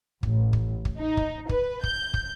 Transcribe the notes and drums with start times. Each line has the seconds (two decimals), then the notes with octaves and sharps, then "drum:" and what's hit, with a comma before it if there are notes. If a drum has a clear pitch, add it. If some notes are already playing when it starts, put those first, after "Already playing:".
0.23 A1, drum: kick
0.53 drum: kick
0.85 drum: kick
0.99 D#4
1.17 drum: kick
1.49 B4, drum: kick
1.83 G6, drum: kick
2.14 drum: kick